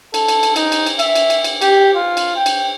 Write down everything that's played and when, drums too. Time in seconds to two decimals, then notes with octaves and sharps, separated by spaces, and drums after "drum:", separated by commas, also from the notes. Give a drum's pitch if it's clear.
0.14 A4, drum: cymbal
0.28 drum: cymbal
0.43 drum: cymbal
0.56 D#4, drum: cymbal
0.72 drum: cymbal
0.86 drum: cymbal
0.99 E5, drum: cymbal
1.15 drum: cymbal
1.30 drum: cymbal
1.44 drum: cymbal
1.62 G4, drum: cymbal
1.95 F4
2.17 drum: cymbal
2.36 G5
2.46 drum: cymbal